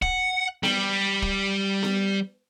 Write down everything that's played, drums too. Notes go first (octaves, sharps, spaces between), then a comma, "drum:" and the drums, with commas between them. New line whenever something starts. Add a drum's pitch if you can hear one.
F#5, drum: kick
G3, drum: snare B3
drum: kick
drum: snare B3